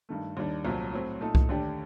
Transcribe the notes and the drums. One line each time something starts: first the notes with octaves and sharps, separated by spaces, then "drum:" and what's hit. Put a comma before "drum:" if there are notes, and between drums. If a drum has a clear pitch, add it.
G2 D#3 A3
D#2 D#3 G3 D4
C2 A#2 F#3 A3 C4
A2 F#3 C4
A#2 A3 D#4 A4
drum: kick C2
D#2 D3 A3 D4 G4